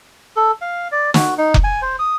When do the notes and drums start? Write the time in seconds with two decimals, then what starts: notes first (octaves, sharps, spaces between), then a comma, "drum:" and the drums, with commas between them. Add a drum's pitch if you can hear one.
0.36 A4
0.61 F5
0.92 D5
1.14 F#4, drum: snare
1.38 D#4
1.54 drum: kick F1
1.64 G#5
1.82 C5
1.99 D#6